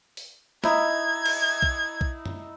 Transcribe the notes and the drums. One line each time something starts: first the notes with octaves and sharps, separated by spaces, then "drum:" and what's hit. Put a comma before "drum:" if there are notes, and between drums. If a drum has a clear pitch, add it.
drum: open hi-hat
D#4 E4 G#6, drum: snare
drum: cymbal
drum: kick B1
drum: kick B1
drum: tom